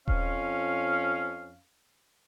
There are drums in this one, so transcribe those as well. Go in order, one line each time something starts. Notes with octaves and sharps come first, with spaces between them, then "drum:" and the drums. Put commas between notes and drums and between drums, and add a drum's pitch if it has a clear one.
F2 C#4 F5, drum: kick D#1